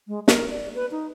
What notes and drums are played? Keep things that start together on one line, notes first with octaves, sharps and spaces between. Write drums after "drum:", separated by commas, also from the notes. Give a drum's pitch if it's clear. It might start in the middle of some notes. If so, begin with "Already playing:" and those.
G#3
A#4, drum: snare
D5
B4
D#4